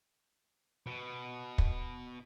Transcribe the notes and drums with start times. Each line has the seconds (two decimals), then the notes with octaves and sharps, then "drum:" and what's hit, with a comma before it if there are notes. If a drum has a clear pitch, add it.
0.86 B2
1.58 drum: kick